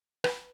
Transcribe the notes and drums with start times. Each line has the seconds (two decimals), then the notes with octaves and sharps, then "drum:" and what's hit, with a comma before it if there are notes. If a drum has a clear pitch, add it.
0.24 B4, drum: rim click